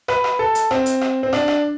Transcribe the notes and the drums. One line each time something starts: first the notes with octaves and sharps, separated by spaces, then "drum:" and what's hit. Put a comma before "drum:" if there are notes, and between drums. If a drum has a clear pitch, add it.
B4, drum: rim click
drum: rim click
A4
drum: hi-hat
C4, drum: rim click
drum: hi-hat
drum: rim click
C4
D4, drum: rim click
drum: rim click